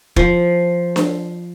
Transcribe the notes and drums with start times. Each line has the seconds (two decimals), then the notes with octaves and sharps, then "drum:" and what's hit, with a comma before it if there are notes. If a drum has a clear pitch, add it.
0.16 F3, drum: kick
0.96 drum: snare D4